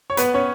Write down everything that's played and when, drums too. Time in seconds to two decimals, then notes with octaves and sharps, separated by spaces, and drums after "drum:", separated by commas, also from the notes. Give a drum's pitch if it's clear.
0.10 C#5
0.17 B3 B4, drum: hi-hat
0.34 C#4 C#5